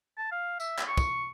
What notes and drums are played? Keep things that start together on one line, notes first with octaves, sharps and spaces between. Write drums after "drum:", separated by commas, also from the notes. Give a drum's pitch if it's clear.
A5
F5
E5, drum: tambourine
drum: clap
C#6
drum: kick, tambourine